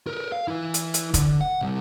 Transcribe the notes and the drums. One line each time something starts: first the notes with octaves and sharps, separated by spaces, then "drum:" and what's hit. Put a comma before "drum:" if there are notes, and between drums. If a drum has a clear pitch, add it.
A#4 B4
F5
E3 E4
drum: hi-hat
drum: hi-hat
D3, drum: kick, hi-hat
F#5
C3 G3